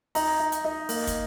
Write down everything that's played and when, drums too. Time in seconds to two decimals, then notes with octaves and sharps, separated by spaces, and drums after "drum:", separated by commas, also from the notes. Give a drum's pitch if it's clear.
0.15 D#4 A#5, drum: open hi-hat
0.40 D#4
0.52 drum: hi-hat
0.65 D#4
0.89 A#3, drum: open hi-hat
1.07 drum: kick, hi-hat